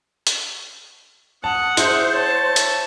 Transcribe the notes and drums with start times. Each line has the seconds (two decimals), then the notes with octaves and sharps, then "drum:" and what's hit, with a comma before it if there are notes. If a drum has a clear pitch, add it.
0.27 drum: hi-hat
1.44 F#5 A5 D#6
1.77 E4 G#4 C5, drum: hi-hat
2.13 C#5 A5
2.56 drum: hi-hat